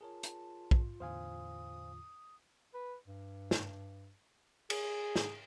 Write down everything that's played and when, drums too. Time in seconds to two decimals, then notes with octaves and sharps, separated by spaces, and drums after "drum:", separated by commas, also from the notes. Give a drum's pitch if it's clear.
0.01 F4 G#4 A#4 C#5 A5
0.23 drum: hi-hat
0.71 drum: kick
1.00 E2 A2 D3 C5 F5 G#5 D#6
2.74 B4
3.07 G2
3.51 drum: snare
4.70 G#4, drum: cymbal
5.16 drum: snare